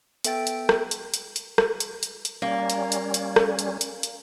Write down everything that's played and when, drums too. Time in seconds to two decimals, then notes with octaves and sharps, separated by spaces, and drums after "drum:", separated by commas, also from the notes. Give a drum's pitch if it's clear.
0.24 B3 A4 E5 G5 A6 D7, drum: hi-hat
0.47 drum: hi-hat
0.69 drum: rim click
0.91 drum: hi-hat
1.14 drum: hi-hat
1.36 drum: hi-hat
1.58 drum: rim click
1.80 drum: hi-hat
2.03 drum: hi-hat
2.25 drum: hi-hat
2.42 G3 A#3 C#4
2.70 drum: hi-hat
2.92 drum: hi-hat
3.14 drum: hi-hat
3.36 drum: rim click
3.59 drum: hi-hat
3.81 drum: hi-hat
4.03 drum: hi-hat